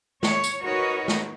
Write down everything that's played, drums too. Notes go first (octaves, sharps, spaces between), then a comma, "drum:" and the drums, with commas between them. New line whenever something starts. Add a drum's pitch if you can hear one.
C#5, drum: snare
drum: tambourine
D#4 F#4 A#4 B4 C#5 D#5
drum: snare